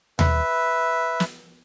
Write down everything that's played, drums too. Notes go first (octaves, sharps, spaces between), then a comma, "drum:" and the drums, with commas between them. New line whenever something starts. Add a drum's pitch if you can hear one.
B4 E5, drum: tom D#2
drum: snare